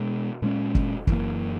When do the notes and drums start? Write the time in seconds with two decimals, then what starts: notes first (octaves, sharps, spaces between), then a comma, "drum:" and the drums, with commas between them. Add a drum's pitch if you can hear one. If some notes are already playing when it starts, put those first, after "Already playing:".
Already playing: B2 G#3 B3
0.42 A#2 G#3 C#4
0.75 drum: kick
1.07 F#2 E3 A#3, drum: kick